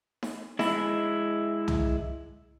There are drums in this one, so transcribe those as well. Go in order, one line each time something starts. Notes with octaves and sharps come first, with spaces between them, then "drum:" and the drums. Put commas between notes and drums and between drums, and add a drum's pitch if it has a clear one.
drum: snare D#4
G#3 E4, drum: snare D#4
drum: tom